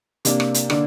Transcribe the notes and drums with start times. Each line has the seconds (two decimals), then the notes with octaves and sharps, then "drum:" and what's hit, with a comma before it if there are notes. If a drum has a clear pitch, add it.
0.25 C3 A#3 D4, drum: hi-hat
0.40 drum: rim click
0.54 drum: hi-hat
0.70 D3 A#3 D4, drum: rim click